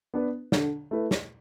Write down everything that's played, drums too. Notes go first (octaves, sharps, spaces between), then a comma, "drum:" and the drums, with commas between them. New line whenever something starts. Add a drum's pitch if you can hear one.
B3 D4 B4
D3, drum: snare
A3 E4 B4
drum: snare